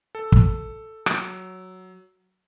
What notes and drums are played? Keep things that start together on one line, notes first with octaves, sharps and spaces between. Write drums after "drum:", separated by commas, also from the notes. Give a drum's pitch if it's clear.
A4
drum: kick
F#3, drum: rim click